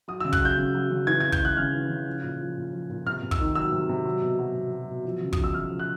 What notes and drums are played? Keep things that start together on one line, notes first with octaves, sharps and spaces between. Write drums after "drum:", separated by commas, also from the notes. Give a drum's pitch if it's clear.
F#3 D#6
C#3 E6
F#6, drum: kick
F#3 G6
C#3
F#3
C#3
E3 G#6
C#3 G#6
G6, drum: kick
E3 F#6
C#3 F6
E3
C#3
F3
A#2
F3
A#2
F3
A#2
C3 F6
C3
E6, drum: kick
D#3
F#3 E6
C3
C3
F#3
B2
F#3
B2
F#3
B2
F3
C#3
F3 D#6, drum: kick
E6
C#3 F6
F3
F#6